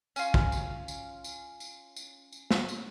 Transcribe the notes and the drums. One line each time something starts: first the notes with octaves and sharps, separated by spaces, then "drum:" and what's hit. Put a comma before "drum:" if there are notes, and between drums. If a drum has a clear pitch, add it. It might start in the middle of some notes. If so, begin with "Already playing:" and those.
C#4 F4, drum: tambourine
drum: kick
drum: tambourine
drum: tambourine
drum: tambourine
drum: tambourine
drum: tambourine
drum: tambourine
drum: snare
drum: tambourine